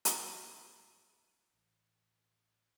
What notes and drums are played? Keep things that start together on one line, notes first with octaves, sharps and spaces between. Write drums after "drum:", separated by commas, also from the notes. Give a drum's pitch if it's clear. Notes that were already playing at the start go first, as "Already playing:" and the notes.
G#2, drum: hi-hat
A1